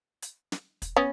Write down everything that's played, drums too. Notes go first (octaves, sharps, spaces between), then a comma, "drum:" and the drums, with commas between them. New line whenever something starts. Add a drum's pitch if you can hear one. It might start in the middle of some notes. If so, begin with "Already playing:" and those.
drum: hi-hat
drum: snare
drum: kick, hi-hat
B3 C#4